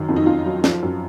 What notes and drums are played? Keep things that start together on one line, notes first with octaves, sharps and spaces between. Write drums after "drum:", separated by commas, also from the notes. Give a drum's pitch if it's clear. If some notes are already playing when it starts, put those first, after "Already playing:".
Already playing: F#2 D#3
F2
D#4
F2 F4
F#3
F3, drum: snare
F#2